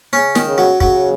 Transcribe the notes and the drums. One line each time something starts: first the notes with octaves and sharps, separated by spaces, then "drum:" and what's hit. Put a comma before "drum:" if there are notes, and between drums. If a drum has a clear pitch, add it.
C#3 C#4
D#3, drum: snare
C#3
F#3
C#3 F#3, drum: kick